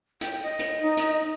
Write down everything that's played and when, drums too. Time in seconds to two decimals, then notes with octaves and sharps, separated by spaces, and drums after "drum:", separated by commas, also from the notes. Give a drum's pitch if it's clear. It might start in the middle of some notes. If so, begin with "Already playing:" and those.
0.21 G5, drum: hi-hat
0.43 D#5
0.59 drum: hi-hat
0.81 D#4
0.97 drum: hi-hat